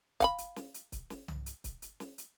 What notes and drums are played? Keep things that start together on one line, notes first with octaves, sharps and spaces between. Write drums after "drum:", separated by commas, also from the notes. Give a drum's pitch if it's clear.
F5 F#5 B5, drum: kick C#1, hi-hat
drum: hi-hat
drum: snare
drum: hi-hat
drum: kick C#1, hi-hat
drum: snare
drum: tom C2
drum: hi-hat
drum: kick C#1, hi-hat
drum: hi-hat
drum: snare
drum: hi-hat